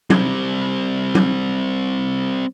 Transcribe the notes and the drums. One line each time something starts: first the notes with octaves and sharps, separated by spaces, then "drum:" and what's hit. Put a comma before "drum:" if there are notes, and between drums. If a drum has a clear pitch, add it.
G3 C4, drum: tom F#3
drum: tom F#3